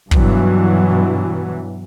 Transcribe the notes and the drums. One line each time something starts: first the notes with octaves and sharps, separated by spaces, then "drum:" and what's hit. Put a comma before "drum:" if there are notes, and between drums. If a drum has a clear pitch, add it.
G2 B2 E3 F#3, drum: kick